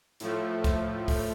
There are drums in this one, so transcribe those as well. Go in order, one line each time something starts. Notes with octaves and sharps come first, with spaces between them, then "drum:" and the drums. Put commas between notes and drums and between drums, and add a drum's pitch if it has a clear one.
A2 F3 A3, drum: hi-hat
drum: kick, hi-hat
drum: kick, open hi-hat